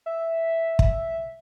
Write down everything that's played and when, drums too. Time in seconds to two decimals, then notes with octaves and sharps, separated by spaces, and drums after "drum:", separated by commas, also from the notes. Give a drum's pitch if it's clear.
0.06 E5
0.79 drum: kick